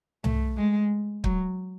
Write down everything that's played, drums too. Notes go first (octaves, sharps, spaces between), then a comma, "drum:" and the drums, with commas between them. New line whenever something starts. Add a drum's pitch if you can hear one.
A3, drum: tom C2
G#3
F#3, drum: kick